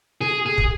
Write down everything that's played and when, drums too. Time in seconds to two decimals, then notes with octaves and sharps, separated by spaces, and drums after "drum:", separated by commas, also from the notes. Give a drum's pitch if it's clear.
0.21 G#4
0.46 G#4
0.58 drum: kick